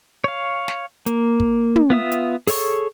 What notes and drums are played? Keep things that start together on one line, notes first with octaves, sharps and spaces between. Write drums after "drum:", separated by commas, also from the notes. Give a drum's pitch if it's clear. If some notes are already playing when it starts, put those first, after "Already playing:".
C#5 F5
drum: snare
A#3, drum: hi-hat
drum: kick
drum: tom
B3 F4 E5 D#6
drum: hi-hat
G#4 A4 C#5 C#6, drum: open hi-hat